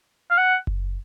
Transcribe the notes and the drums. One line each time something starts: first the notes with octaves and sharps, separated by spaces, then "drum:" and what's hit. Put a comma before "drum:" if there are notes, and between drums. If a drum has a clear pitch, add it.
F5
F#5
drum: kick F#1